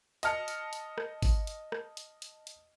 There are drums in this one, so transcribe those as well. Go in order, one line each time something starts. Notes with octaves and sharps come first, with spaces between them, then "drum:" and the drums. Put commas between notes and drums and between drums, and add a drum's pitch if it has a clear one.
D#5 A5 F6 C#7, drum: hi-hat
drum: hi-hat
drum: hi-hat
drum: rim click
drum: kick G1, open hi-hat
drum: hi-hat
drum: rim click
drum: hi-hat
drum: hi-hat
drum: hi-hat